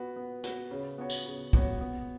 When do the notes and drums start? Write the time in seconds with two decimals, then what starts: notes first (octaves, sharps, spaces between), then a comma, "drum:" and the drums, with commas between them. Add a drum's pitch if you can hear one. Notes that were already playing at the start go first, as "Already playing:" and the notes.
Already playing: B3 F#4 B4
0.16 B3
0.44 F#4 B4, drum: hi-hat
0.71 C#3
0.98 B3 F#4 C#5
1.10 drum: tambourine
1.26 C#3
1.53 B3 F#4 C#5, drum: kick
1.81 B3